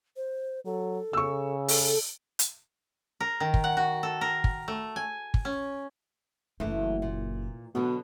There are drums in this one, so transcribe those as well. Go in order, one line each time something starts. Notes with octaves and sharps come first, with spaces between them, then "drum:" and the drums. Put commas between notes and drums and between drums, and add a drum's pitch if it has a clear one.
C5
F#3 A4
C#3 C#6 E6
A4, drum: open hi-hat
drum: hi-hat
A#4
D#3
drum: kick
F#5
F#4
A4
A#4
drum: kick
A3
G#5
drum: kick
C#4
F#1 E3 A3 E4
A#2
B2 D3 F#3 B3